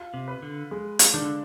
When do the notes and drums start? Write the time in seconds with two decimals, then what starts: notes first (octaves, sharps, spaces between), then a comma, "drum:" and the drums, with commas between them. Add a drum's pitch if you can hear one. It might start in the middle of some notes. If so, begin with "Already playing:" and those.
Already playing: F4
0.14 C3
0.28 B4
0.42 D3
0.71 G#3
0.99 drum: hi-hat
1.13 D#3 D4
1.22 D3